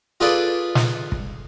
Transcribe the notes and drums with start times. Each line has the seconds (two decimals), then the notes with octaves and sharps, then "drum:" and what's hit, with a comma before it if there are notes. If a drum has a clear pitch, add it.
0.20 F4 G#4 A4 B4 D5
0.75 drum: snare
1.12 drum: kick